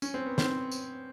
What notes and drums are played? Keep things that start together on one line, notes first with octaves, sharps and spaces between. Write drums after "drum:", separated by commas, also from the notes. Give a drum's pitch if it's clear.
C#4, drum: tambourine
C4
B3
C4, drum: snare
drum: tambourine